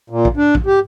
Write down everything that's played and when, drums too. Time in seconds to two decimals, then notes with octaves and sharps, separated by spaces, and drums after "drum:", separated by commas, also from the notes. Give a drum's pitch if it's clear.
0.10 A#2
0.25 drum: kick A#1
0.37 D4
0.55 drum: kick A#1
0.66 G4